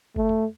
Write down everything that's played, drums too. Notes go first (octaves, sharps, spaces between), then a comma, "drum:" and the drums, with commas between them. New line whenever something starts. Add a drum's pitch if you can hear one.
A3, drum: kick F#1
drum: tom F2